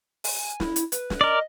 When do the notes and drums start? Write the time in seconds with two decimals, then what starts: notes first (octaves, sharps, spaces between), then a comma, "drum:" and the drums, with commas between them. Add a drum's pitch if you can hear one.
0.24 G#5, drum: open hi-hat
0.60 E4, drum: snare
0.76 drum: hi-hat
0.92 B4, drum: hi-hat
1.10 drum: snare
1.21 A#4 D5 D#5